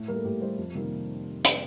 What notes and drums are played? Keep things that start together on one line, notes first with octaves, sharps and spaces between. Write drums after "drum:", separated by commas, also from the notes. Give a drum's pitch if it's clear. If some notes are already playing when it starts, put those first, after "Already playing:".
Already playing: A2
G3 A#3 A#4
A4
A2 G4
G3 A#3 C5
F2
C3 D#3 G3 A#3
drum: hi-hat